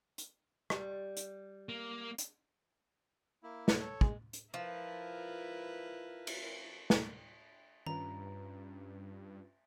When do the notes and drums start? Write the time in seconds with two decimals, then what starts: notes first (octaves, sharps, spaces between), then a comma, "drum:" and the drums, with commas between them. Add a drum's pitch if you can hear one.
0.18 drum: hi-hat
0.70 G3, drum: rim click
1.17 drum: hi-hat
1.69 A#3
2.18 drum: hi-hat
3.43 A#3 E4
3.68 drum: snare
3.80 A4 C#5
4.01 G#3, drum: kick
4.33 drum: hi-hat
4.54 F3 E4 A#4 B4
6.27 drum: cymbal
6.90 drum: snare
7.87 G2 D#3 C#4 F4 B4 A#5